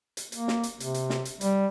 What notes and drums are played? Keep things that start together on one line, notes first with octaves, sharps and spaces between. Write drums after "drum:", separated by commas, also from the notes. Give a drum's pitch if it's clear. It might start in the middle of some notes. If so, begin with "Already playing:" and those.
drum: hi-hat
A#3, drum: hi-hat
drum: snare
drum: hi-hat
C3, drum: hi-hat
drum: hi-hat
drum: snare
drum: hi-hat
G3, drum: hi-hat